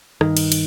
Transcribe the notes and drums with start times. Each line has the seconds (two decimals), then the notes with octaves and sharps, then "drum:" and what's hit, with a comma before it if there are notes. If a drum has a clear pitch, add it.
0.21 G2 D#3, drum: rim click
0.37 drum: cymbal
0.52 drum: cymbal